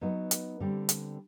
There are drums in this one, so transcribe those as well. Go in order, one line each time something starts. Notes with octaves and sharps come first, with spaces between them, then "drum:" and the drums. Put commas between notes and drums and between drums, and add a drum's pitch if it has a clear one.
F#3 B3 D#4 F#4 B4
drum: hi-hat
D3 G3 C4
drum: hi-hat